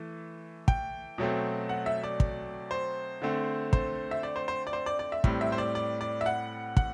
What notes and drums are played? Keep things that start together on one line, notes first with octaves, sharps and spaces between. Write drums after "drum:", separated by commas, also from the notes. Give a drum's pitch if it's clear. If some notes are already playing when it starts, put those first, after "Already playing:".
Already playing: E3 A3
G5, drum: kick
B2 F#3 A3 C4
F#5
E5
D5
drum: kick
C5
D3 A3 C4
C5, drum: kick
E5
D5
C5
C5
D5
C5
D5
D5
E5
A2 G3 C4, drum: kick
E5
C5
D5
D5
D5
E5
F#5
F#5, drum: kick